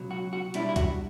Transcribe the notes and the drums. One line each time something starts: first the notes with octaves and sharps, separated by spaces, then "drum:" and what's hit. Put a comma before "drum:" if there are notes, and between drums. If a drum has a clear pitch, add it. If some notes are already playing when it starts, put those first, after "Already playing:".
Already playing: C#2 B2 F#3
F#4
F#4
B2 G3 D4 E4, drum: hi-hat
E4
F#4, drum: kick, hi-hat